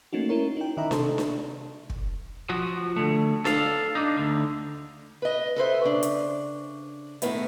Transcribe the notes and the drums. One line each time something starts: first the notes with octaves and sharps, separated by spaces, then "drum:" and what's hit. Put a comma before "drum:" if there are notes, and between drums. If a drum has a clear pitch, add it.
A3 A#3 C#4 D#4 F#4
C#4 E4 A#4 C#5
D#4 G5
D#3 D#4 D#5 E5 A#5 B5
C3 A4 A5 C6, drum: snare D4
drum: snare D4
drum: kick
F3 F#4
D3 A3
A4 F5, drum: snare D4
D4 D#4
D2 D3
B4 D#5
A4 B4 C5 E5
C#3 D4
drum: hi-hat
A2 D#3 B3 E4, drum: hi-hat